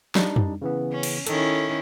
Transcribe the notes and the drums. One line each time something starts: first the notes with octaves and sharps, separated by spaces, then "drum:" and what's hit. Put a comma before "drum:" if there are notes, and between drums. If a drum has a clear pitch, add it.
G3 D4 D#4, drum: snare
drum: tom
C#3 E3 B3
C#4
drum: cymbal
D#3 C#4 E4 A4, drum: hi-hat